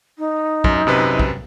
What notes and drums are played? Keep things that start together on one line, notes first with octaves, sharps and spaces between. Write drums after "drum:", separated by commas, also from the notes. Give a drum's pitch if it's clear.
D#4
F#2, drum: kick
F#2 C3 B4
drum: kick